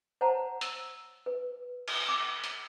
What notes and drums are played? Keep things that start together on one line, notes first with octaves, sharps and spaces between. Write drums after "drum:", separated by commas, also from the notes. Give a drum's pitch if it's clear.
C5 C#5 F#5 A5 A#5
E6, drum: hi-hat
B4
drum: cymbal
D6
drum: hi-hat